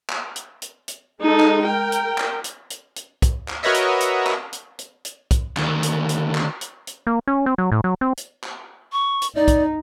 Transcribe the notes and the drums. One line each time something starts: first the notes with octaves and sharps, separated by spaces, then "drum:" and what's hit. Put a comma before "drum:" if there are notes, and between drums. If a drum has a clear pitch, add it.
drum: clap
drum: hi-hat
drum: hi-hat
drum: hi-hat
G#3 D#4 A4
drum: clap
A#4 G5
drum: hi-hat
drum: clap
drum: hi-hat
drum: hi-hat
drum: hi-hat
drum: kick B1, hi-hat
drum: clap
F#4 A#4 B4 C#5 D#5 E5
drum: hi-hat
drum: hi-hat
drum: clap
drum: hi-hat
drum: hi-hat
drum: hi-hat
drum: kick B1, hi-hat
D2 D#3, drum: clap
drum: hi-hat
drum: hi-hat
drum: clap
drum: hi-hat
drum: hi-hat
A#3
C#4
C4
F#3
A2
F#3
C4
drum: hi-hat
drum: clap
C#6
drum: hi-hat
D#4 D5
drum: kick B1, hi-hat